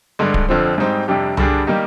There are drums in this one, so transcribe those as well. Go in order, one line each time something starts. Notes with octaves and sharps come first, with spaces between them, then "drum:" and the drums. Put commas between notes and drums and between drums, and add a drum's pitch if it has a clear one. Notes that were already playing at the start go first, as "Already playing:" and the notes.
G2 D3 G#3
drum: kick D1
F2 D3 F3 C4
G#2 G3 C4 D#4
F2 C3 G3 D4 G4
G2 D3 G3 D4 G#4, drum: tom C2
D#3 G3 A#3 D#4 G4